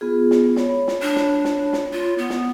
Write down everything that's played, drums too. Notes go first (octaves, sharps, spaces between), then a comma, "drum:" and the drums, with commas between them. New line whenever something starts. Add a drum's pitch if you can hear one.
B3 F4 G#4
drum: snare
C#5 B5, drum: snare
drum: snare
D4
drum: snare
drum: snare
drum: snare
F4
B3
drum: snare